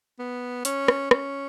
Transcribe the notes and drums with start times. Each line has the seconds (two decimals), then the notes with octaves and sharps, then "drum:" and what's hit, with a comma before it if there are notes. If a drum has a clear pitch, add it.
0.19 B3
0.65 C#4, drum: hi-hat
0.88 drum: rim click
1.11 C#4, drum: rim click